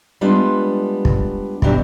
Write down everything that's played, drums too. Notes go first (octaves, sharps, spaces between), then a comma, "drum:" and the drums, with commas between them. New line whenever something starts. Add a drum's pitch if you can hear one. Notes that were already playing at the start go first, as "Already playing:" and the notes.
G3 G#3 B3 D4 F4
drum: kick
B2 D#3 E3 F#3 D4 G4, drum: kick